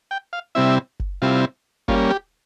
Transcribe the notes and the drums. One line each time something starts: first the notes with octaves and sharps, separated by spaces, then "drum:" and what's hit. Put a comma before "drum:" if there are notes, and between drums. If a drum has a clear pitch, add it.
G5
F5
C3 G3 C4 E4 E5
drum: kick F#1
C3 G3 C4 E4 F4
G3 A#3 C#4 F4, drum: kick F#1
G4